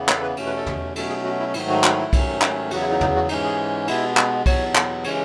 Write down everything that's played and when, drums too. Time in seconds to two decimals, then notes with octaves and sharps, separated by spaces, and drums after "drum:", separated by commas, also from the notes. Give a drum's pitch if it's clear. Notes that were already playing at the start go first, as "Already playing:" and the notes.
Already playing: E2 C#3 E3 B3
0.09 C#5, drum: clap
0.15 A4
0.22 B4
0.37 E2 B2 A3 C#4, drum: cymbal
0.46 B4
0.57 A4
0.66 drum: tom
0.96 B2 F#3 A3 C#4 A4, drum: cymbal
1.10 G#4
1.24 F#4
1.40 E4
1.54 G#2 D#3 F#3 A3 E4, drum: cymbal
1.69 F#4
1.84 F#4, drum: clap
1.98 E4
2.13 G#2 D#3 F#3 A3 C#4, drum: kick B1, cymbal
2.42 drum: clap
2.71 E2 C#3 F#3 B3 F#4, drum: cymbal
2.81 E4
2.90 D#4
3.01 D#4, drum: tom
3.15 F#4
3.29 G#2 E3 G#3 C#4 D#4, drum: cymbal
3.43 G#4
3.88 B2 G#3 B3 E4, drum: cymbal
4.17 drum: clap
4.46 E2 B2 F#3 B3 C#5, drum: kick B1, cymbal
4.75 drum: clap
5.04 C#3 E3 G#3 C#4 C#5, drum: cymbal